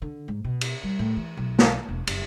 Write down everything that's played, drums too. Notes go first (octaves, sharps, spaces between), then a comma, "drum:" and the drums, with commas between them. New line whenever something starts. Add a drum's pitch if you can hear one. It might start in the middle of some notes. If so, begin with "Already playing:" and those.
D3
G#2
B2
drum: cymbal
G3
A2
E3
B1
drum: snare
E1
F#1, drum: cymbal